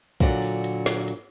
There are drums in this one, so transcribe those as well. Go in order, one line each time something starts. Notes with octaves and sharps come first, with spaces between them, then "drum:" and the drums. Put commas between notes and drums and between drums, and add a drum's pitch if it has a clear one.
A#2 D3 F#3 D4, drum: kick, hi-hat
drum: open hi-hat
drum: hi-hat
drum: snare
drum: hi-hat